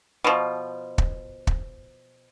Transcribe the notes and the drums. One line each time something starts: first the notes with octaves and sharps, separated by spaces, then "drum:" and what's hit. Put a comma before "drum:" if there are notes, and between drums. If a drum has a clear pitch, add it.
B2 F3
drum: kick
drum: kick